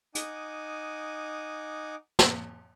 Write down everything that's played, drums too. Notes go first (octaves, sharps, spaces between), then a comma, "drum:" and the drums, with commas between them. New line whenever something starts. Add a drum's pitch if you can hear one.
D#4 F#5 G#5 D6 D#6, drum: hi-hat
drum: snare